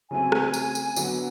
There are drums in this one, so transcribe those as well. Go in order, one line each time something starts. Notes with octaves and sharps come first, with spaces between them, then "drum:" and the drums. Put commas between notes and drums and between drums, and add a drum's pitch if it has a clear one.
C#3 F#3 A3 C4 G#5
drum: rim click
drum: tambourine
drum: tambourine
D3 F#3 B3, drum: tambourine